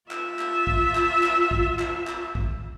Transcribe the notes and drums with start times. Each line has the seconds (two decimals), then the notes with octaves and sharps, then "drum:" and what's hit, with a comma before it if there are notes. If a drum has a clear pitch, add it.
0.11 F4 E5, drum: clap
0.39 drum: clap
0.67 drum: kick
0.95 drum: clap
1.23 drum: clap
1.51 drum: kick
1.79 drum: clap
2.07 drum: clap
2.35 drum: kick